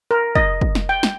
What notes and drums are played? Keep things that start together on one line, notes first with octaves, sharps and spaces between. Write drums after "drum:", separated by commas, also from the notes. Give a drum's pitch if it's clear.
A#4
D#5, drum: kick
drum: kick
drum: snare
G5
drum: snare